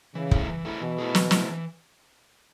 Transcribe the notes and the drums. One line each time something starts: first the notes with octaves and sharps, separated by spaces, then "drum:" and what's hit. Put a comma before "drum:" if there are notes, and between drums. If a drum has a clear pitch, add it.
C#3 E3
A3 E4 G#4, drum: kick
E3
A3 E4 G#4
B2 E3
A3 E4 G#4
E3, drum: snare
A3 E4 G#4, drum: snare
E3